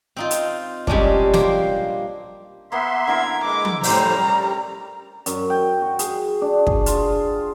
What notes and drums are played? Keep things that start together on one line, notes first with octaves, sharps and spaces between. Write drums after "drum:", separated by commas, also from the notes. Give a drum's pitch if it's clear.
C4 D#4 F4
drum: hi-hat
A#2 G3 G#3 C#4 D4, drum: kick
A#3 G4 C5, drum: snare
A#3 B3 E5 F#5 C6
D3 E4 A#4 G#6
G#3 B4 D6
drum: tom F3
A2 G3 C#4 A#4 C5 A#5, drum: open hi-hat
G3
F#2, drum: hi-hat
G5
F#4
G#4, drum: hi-hat
D4
G#4, drum: kick
F4, drum: hi-hat